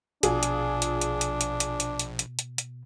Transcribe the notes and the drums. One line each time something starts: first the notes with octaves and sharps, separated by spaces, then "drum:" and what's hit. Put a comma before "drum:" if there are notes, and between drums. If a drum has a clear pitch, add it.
A#1 B2 D4 F4 G#4, drum: hi-hat
drum: hi-hat
drum: hi-hat
drum: hi-hat
drum: hi-hat
drum: hi-hat
drum: hi-hat
drum: hi-hat
drum: hi-hat
drum: hi-hat
drum: hi-hat
drum: hi-hat